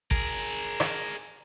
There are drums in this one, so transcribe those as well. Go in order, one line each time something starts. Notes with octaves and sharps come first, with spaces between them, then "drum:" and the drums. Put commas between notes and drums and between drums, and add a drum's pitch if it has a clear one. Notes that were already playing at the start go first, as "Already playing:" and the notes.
G#4 A#4, drum: kick A1
drum: rim click